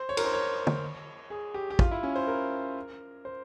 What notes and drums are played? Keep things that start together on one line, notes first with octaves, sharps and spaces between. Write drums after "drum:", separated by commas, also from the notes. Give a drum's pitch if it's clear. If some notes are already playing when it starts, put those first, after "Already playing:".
Already playing: C5
C#5
A#4, drum: cymbal
C5
C#5
drum: tom
G#4
G4
G4
F4, drum: kick
E4
C#4
C5
A#4
C5